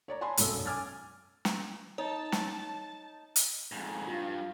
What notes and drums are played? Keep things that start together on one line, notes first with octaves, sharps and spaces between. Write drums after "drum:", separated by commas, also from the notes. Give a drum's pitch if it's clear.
C#5 D5 A#5
G#5 A5 B5 C6
F1 B1 F#2 C#4 A4 E6, drum: hi-hat
G#5 D6 F6 G#6 A6
drum: snare
D#4 C#5 A5
drum: snare
drum: hi-hat
F2 G#2
G2 F4